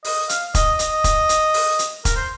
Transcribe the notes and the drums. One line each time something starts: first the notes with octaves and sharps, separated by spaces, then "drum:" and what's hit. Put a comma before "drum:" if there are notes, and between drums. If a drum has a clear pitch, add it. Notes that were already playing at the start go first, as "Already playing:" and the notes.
D#5, drum: open hi-hat
F5, drum: hi-hat
D#5, drum: kick E1, hi-hat
D#5, drum: hi-hat
drum: kick E1, hi-hat
drum: hi-hat
drum: open hi-hat
drum: hi-hat
A#4, drum: kick E1, hi-hat
C5